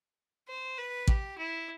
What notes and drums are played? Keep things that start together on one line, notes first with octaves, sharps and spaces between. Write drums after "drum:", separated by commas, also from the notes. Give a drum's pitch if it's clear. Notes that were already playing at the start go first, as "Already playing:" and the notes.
C5
B4
G4, drum: kick
E4